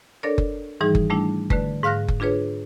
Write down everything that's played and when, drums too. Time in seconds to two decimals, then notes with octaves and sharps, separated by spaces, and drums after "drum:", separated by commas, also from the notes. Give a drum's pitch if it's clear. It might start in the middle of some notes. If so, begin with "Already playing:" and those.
0.23 D4 A4 A#4 C#5 D5
0.38 drum: kick F#1
0.81 G#2 D#3 E3 G3 D#4 G#4
0.95 drum: kick F#1
1.10 G3 A3 D4 E4
1.50 D3 A3 B4, drum: kick F#1
1.83 G#2 F5 F6 F#6 A#6
2.08 drum: kick F#1
2.20 D4 F4 G#4 B4 C#5